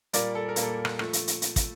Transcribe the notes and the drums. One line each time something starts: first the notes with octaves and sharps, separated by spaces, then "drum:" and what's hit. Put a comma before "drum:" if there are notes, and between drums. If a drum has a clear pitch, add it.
A#2 G3 A#3 A#4 D5, drum: hi-hat
A4
A#4
A#2 G3 A#3, drum: hi-hat
A4
drum: rim click
F3 A3, drum: rim click
drum: hi-hat
drum: hi-hat
drum: hi-hat
drum: kick, hi-hat